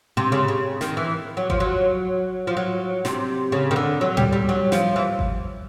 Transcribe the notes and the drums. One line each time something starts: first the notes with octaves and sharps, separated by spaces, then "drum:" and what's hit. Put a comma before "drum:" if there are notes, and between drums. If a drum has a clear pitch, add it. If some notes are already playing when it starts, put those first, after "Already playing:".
C3
C#3
C#3
D#3, drum: snare
E3
F#3
F3, drum: kick G#1
F#3
F3
F#3
C3, drum: snare
C#3
D#3
D3
F#3
G3, drum: tom A2
G3
F#3
F3, drum: snare
E3
drum: kick G#1